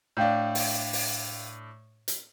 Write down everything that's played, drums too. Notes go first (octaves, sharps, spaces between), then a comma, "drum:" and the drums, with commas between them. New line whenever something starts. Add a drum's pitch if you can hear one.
A2 D4 F5 G5 G6
drum: open hi-hat
drum: open hi-hat
drum: hi-hat